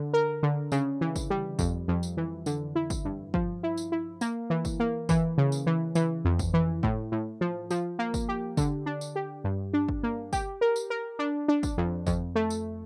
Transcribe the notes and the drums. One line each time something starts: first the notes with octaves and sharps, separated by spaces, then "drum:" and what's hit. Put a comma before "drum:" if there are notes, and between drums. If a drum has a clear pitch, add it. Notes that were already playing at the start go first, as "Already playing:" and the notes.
Already playing: D3
A#4
D3
C#3, drum: tambourine
E3
drum: kick, tambourine
G3
F2, drum: kick, tambourine
F2
drum: tambourine
E3
D3, drum: tambourine
E4
drum: kick, tambourine
G2
F3, drum: kick
E4
drum: tambourine
E4
A#3, drum: tambourine
E3
drum: kick, tambourine
A#3
E3, drum: kick, tambourine
C#3
drum: tambourine
E3
E3, drum: tambourine
F2
drum: kick, tambourine
E3
A2, drum: kick
A2
F3
F3, drum: tambourine
A#3
drum: kick, tambourine
G4
D3, drum: kick, tambourine
D4
drum: tambourine
G4
G2
D4
drum: kick
A#3
G4, drum: kick, tambourine
A#4
drum: tambourine
A#4
D4
D4
drum: kick, tambourine
F2
F2, drum: kick, tambourine
A3
drum: tambourine